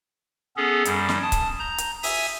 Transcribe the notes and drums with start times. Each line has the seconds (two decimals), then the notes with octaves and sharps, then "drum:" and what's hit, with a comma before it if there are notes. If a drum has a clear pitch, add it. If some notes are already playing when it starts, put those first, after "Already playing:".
0.57 B3 C#4 G#4 A4
0.85 F#2 G3, drum: hi-hat
1.09 drum: snare
1.22 A5 D#6
1.32 drum: kick C#1, hi-hat
1.59 A#5 G6
1.78 drum: hi-hat
2.03 E5 G#5 D#6 E6, drum: open hi-hat